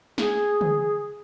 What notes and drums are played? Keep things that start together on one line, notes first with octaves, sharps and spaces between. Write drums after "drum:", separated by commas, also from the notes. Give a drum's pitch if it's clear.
G#4, drum: snare
drum: tom C#3